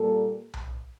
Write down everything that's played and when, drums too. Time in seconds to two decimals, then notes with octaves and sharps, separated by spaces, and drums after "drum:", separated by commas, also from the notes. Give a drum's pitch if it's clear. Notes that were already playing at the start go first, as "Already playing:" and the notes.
Already playing: A#2 G3 A#3 A4
0.54 drum: tom B1